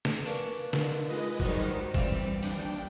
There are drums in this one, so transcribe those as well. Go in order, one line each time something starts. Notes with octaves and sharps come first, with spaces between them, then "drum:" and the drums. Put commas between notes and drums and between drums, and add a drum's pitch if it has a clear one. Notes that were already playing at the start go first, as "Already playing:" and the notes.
drum: snare
A#3 C#4 D4 B4
D#2 D3, drum: snare
G#3 F4 B4 D#5
D#3 F#3 G3 B3 C5, drum: kick
E3 G3 C4 F4 D5, drum: kick
D#2 D4 G5, drum: open hi-hat